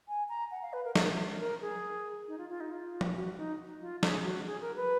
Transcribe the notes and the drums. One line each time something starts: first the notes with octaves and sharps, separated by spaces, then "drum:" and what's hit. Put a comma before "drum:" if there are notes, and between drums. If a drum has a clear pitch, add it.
G#5
A#5
F#5
F5
B4
A#4
A#4, drum: snare
A#4
G#4
D#4
F4
F4
D#4
F4
drum: tom F3
F#4
D#4
F4
G#4, drum: snare
F#4
G#4
A#4
B4